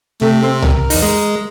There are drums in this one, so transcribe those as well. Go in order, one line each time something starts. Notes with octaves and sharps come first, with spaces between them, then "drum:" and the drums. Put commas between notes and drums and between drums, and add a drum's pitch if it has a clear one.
C3 A3
C4
A#4, drum: tom C2
E2 D#4, drum: open hi-hat
G#3